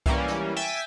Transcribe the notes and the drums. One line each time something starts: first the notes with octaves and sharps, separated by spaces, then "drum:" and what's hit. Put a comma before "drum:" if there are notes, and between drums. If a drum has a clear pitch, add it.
E3 G3 A#3 C#4, drum: kick C2, hi-hat
drum: snare
E5 G5 G#5 A6 B6